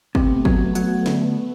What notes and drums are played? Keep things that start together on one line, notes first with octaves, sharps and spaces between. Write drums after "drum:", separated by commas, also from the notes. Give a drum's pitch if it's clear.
C3 A3 B3, drum: kick
F#3, drum: kick
F#3, drum: hi-hat
D2, drum: snare C4